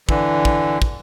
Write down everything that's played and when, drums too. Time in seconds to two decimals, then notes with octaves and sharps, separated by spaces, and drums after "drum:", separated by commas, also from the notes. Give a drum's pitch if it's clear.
0.09 D3 E3, drum: kick
0.45 drum: kick
0.82 drum: kick